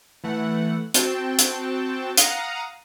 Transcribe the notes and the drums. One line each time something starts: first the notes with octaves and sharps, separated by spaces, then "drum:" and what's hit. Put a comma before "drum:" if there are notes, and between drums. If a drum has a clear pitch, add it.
E3 A3 F#5
C4 F#4 G5 A5, drum: hi-hat
drum: hi-hat
F5 F#5 A#5 D#6, drum: hi-hat